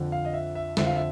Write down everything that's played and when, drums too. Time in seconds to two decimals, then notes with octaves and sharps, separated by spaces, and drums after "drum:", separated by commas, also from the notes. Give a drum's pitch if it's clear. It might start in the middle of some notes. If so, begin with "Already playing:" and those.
Already playing: F2 D3 F3
0.12 F5
0.25 D#5
0.33 E5
0.55 E5
0.77 F2 D3 F3 E5, drum: snare
0.86 F5
0.96 E5